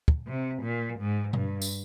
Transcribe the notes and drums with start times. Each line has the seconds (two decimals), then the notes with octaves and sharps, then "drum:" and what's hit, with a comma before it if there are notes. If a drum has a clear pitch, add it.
0.08 drum: kick
0.26 C3
0.61 A#2
0.97 G#2
1.33 G2, drum: tom B2
1.62 drum: tambourine